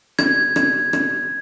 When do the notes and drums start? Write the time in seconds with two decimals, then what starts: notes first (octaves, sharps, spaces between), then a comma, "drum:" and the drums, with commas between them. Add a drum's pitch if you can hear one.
0.19 G#6, drum: rim click
0.56 drum: rim click
0.93 drum: rim click